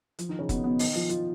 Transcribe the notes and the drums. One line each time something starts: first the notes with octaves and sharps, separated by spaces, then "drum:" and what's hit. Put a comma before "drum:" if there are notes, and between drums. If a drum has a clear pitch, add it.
F3, drum: hi-hat
D#3 D#4
C#3 C#4
B2 B3, drum: kick, hi-hat
B2 B3
D#3 D#4, drum: open hi-hat
F3 F4
F3 F4, drum: hi-hat